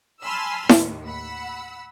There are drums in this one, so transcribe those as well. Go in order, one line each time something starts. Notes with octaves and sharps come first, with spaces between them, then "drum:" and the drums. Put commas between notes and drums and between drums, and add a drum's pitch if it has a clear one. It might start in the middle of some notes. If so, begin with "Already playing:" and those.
G#5 A5 B5 C6 E6 F6
D#2 A2, drum: snare E4
F#5 B5 E6